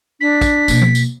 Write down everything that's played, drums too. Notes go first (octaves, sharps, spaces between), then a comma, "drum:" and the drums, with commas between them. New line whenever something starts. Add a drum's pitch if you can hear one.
D4 B6
drum: kick, tambourine
B2 A#3, drum: tambourine
drum: tom
drum: tambourine